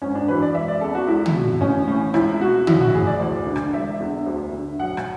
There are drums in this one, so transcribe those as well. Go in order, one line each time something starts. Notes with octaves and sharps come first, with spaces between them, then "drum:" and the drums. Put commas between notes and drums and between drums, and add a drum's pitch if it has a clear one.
G#1 C#4
D4
F#2 E3 B4
D5
E1 E5
D5
E2 C#3 A4
F#4
C#2 E4
drum: tom
B2
A1 C#4
A2 E3 C#4
C#2 E4, drum: rim click
B2 F#4
B1 E4, drum: tom
F#4
A2 E3 G#4
D5
D2
D3
drum: rim click
E1 E5
E2 D3
D2
D3
B1 F#5
drum: rim click